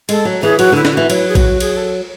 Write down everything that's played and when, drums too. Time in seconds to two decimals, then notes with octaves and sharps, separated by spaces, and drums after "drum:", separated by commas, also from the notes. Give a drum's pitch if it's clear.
0.09 G#3 A4, drum: cymbal
0.25 F#3
0.42 E3 G#4
0.59 F#3 F#4, drum: cymbal
0.72 D3
0.76 E4
0.85 D3, drum: snare
0.93 E3 F#4
1.10 F#3 E4, drum: cymbal
1.28 G#4
1.35 F#4, drum: kick A#1, cymbal
1.60 G#4, drum: cymbal
1.77 A4